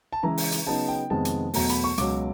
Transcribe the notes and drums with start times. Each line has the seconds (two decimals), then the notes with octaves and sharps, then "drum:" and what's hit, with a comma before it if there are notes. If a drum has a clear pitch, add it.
0.13 A5
0.23 C#3 E3 G#3 A#5
0.37 drum: open hi-hat
0.52 drum: hi-hat
0.66 C#3 F#3 B3 D#4 A5
0.88 G5
1.10 F2 C3 D#3 G#3 B3 A5
1.25 drum: hi-hat
1.54 E2 B2 F#3 A3 A#5, drum: open hi-hat
1.69 B5, drum: hi-hat
1.84 C#6
1.98 C#2 B2 F#3 D6, drum: hi-hat